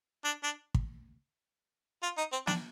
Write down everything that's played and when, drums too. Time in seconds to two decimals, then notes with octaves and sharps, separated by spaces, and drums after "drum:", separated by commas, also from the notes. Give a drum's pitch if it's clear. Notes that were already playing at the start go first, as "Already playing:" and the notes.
0.24 D4
0.43 D4
0.74 drum: kick
2.03 F4
2.18 D#4
2.32 C4
2.47 D4, drum: snare